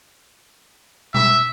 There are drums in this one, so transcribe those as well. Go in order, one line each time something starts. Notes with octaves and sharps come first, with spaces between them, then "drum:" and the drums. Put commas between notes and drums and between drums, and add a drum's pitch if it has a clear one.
E5, drum: tom B2